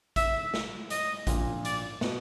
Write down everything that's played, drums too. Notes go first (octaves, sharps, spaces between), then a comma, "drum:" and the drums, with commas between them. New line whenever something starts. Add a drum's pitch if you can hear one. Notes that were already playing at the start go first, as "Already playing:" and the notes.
E5, drum: kick A1, hi-hat
drum: snare
D#5, drum: hi-hat
A#1 A#2, drum: kick A1, hi-hat
D5, drum: hi-hat
B2, drum: snare